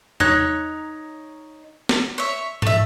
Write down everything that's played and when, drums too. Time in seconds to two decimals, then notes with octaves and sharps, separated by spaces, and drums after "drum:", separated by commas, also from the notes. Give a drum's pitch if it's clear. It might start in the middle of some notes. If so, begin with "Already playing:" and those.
0.20 D#4 C#5 A#5 F#6, drum: tom E2
1.89 drum: snare
2.18 C#5 E5
2.62 A3 E5, drum: tom G#2